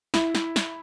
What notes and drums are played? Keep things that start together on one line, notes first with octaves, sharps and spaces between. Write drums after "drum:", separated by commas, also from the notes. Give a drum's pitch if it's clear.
E4, drum: snare
drum: snare
drum: snare